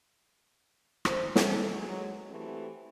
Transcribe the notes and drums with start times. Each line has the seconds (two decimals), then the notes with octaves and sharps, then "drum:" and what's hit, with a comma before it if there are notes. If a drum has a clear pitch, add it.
1.05 D2 E3 C5, drum: rim click
1.36 D#3 E3 G#3 C#4 A4, drum: snare
1.69 F#3 G#3
2.30 E3 A3 C4 F#4 G4